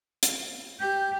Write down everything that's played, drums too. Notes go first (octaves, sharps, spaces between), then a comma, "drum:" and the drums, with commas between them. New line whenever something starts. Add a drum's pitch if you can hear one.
drum: hi-hat
G4 G6